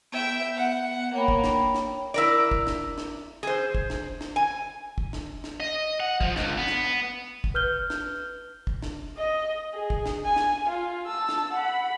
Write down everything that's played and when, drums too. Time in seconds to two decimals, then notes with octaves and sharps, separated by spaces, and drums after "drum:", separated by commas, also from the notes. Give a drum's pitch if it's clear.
0.12 B3 E5 G5
0.57 F#5
1.14 A#3 C#5 G5 B5
1.28 drum: kick
1.44 drum: snare
1.75 drum: snare
2.14 E4 A#4 D5
2.51 drum: kick
2.67 drum: snare
2.98 drum: snare
3.43 G#4 C5
3.75 drum: kick
3.90 drum: snare
4.21 drum: snare
4.36 G#5
4.98 drum: kick
5.13 drum: snare
5.44 drum: snare
5.60 D#5
6.00 F#5
6.21 F3, drum: kick
6.36 C#2, drum: snare
6.58 B3
6.67 drum: snare
7.44 drum: kick
7.54 B4 F6 G6 G7
7.90 drum: snare
8.67 drum: kick
8.82 drum: snare
9.18 D#5
9.74 G#4
9.90 drum: kick
10.06 drum: snare
10.25 G#5
10.36 drum: snare
10.70 F4
11.07 A5 E6
11.29 drum: snare
11.53 F#5 B5